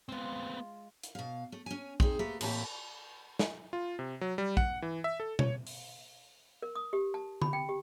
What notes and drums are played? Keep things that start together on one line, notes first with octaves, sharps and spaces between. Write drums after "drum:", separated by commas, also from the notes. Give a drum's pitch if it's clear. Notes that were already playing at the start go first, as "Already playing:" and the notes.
G#3 B3 C4 F4
drum: hi-hat
B2 F5
A3
C#4 G#5
C4 D#4 G#4, drum: kick A#1
A3 A#3 G4 B4 C5
A2 E3 A#3 C4 G4, drum: cymbal
drum: snare
F4
C3
F#3
G3
F#5, drum: kick A#1
E3
E5
A4
C#5, drum: tom B2
drum: open hi-hat
A#4
D#6
G4
A5
B5, drum: tom D3
G5
G4